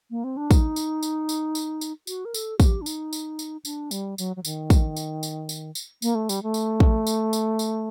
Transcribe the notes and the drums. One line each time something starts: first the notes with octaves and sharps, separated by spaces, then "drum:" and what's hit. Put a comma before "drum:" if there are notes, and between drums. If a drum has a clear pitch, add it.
A#3
C4
D4
D#4, drum: kick, tambourine
drum: tambourine
drum: tambourine
drum: tambourine
drum: tambourine
drum: tambourine
F#4, drum: tambourine
A#4
A4, drum: tambourine
G4, drum: kick, tambourine
D4
D#4, drum: tambourine
drum: tambourine
drum: tambourine
D4, drum: tambourine
G3, drum: tambourine
F#3, drum: tambourine
F#3
D#3, drum: tambourine
drum: kick, tambourine
drum: tambourine
drum: tambourine
drum: tambourine
drum: tambourine
A#3, drum: tambourine
A3
G3, drum: tambourine
A3
drum: tambourine
drum: kick
drum: tambourine
drum: tambourine
drum: tambourine